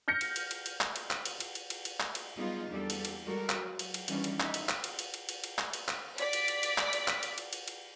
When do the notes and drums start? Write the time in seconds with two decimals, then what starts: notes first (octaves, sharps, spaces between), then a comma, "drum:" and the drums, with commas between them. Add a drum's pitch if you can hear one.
0.08 F6 G6 A#6 C#7
0.21 drum: cymbal
0.36 drum: cymbal
0.51 drum: cymbal
0.66 drum: cymbal
0.81 drum: clap
0.96 drum: cymbal
1.11 drum: clap
1.25 drum: cymbal
1.40 drum: cymbal
1.55 drum: cymbal
1.70 drum: cymbal
1.85 drum: cymbal
2.00 drum: clap
2.15 drum: cymbal
2.37 F#3 G3 B3 D#4 F4 G#4
2.68 E2 G3 A#3 D4 G4 A4
2.90 drum: cymbal
3.05 drum: cymbal
3.26 G3 G#3 F#4 A4 A#4
3.49 drum: clap
3.60 F#3
3.79 drum: cymbal
3.94 drum: cymbal
4.08 D#3 E3 G3 C#4 D4, drum: cymbal
4.24 drum: cymbal
4.40 D#4 E5, drum: clap
4.54 drum: cymbal
4.69 drum: clap
4.84 drum: cymbal
4.99 drum: cymbal
5.14 drum: cymbal
5.29 drum: cymbal
5.44 drum: cymbal
5.59 drum: clap
5.73 drum: cymbal
5.88 drum: clap
6.18 D5 B6, drum: cymbal
6.33 drum: cymbal
6.48 drum: cymbal
6.63 drum: cymbal
6.78 drum: clap
6.93 drum: cymbal
7.08 drum: clap
7.23 drum: cymbal
7.38 drum: cymbal
7.53 drum: cymbal
7.68 drum: cymbal